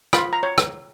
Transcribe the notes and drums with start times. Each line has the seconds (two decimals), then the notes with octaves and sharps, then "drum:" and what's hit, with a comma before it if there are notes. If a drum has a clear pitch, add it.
0.13 F4 B5, drum: rim click
0.33 A#5
0.43 C#5
0.58 drum: rim click